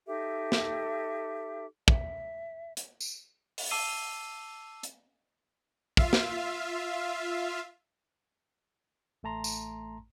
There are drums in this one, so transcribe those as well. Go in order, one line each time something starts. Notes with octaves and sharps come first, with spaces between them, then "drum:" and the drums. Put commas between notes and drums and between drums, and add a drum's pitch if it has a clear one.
D#4 G4 A4 E5
drum: snare
E5, drum: kick
drum: hi-hat
drum: tambourine
drum: open hi-hat
A5 D6 E6 C7 D#7 G7
drum: hi-hat
F4 E5 F5, drum: kick
drum: snare
A1 A3 A5 A#5 C6
drum: tambourine